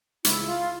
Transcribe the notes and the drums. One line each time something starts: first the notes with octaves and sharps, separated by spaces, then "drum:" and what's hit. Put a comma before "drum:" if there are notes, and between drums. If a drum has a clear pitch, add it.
C#2 C#3 E3 G#3 E4, drum: hi-hat
F4